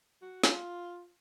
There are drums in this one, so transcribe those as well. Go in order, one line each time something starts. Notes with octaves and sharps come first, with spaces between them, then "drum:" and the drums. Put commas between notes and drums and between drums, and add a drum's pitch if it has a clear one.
F#4
F4, drum: snare